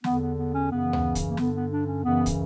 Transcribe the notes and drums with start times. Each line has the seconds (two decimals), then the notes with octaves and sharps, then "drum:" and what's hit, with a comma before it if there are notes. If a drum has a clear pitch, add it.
0.04 E2 D3 B3, drum: snare
0.21 B3
0.38 B3
0.54 C#4
0.71 F#2 C#3 E3 B3
0.93 drum: tom D2
1.15 drum: kick, hi-hat
1.31 A#3
1.37 G2 D3 B3, drum: snare
1.53 B3
1.70 D4
1.87 C#4
2.03 F#2 C#3 E3 B3
2.26 drum: kick, hi-hat